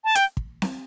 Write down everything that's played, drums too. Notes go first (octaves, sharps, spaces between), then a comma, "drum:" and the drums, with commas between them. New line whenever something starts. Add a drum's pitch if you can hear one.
A5
G5, drum: hi-hat
drum: kick
drum: snare C4